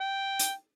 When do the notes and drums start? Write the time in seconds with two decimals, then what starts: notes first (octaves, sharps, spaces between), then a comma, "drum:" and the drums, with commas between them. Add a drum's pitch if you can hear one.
0.01 G5
0.39 drum: hi-hat